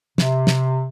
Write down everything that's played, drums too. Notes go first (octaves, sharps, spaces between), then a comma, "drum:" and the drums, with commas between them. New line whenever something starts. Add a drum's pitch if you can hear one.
C3, drum: snare
drum: snare